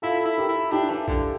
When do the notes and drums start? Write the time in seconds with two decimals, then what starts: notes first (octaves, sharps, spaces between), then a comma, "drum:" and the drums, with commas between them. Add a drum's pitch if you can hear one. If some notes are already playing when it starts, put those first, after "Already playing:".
0.02 E4 F4 A4
0.25 E4
0.38 G4 A#4
0.49 E4
0.72 D4 E4 G4
0.90 E3
1.08 D3, drum: kick A#1